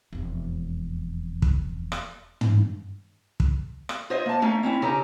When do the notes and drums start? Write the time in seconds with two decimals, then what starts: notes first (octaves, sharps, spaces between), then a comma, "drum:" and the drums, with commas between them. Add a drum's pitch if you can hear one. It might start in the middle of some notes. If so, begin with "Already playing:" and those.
0.13 E1 F2
1.42 drum: kick
1.92 drum: rim click
2.41 drum: tom
3.40 drum: kick
3.89 drum: rim click
4.10 F4 C5 C#5 D#5 E5
4.26 A#3 A5
4.42 A3 A#3 C#4
4.63 C4 C#4 E4
4.82 C#3 C#4 G4 A4 A#5